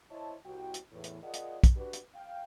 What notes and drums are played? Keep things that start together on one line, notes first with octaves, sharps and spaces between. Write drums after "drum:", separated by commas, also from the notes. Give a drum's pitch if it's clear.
E4 C5 C#5 D#5 A5
C2 F#4 G5
drum: hi-hat
E2 A2 E3
drum: hi-hat
F4 G#4 A#4 D5 D#5 F#5
drum: hi-hat
drum: kick, hi-hat
D4 F#4 G4 B4
drum: hi-hat
F5 G5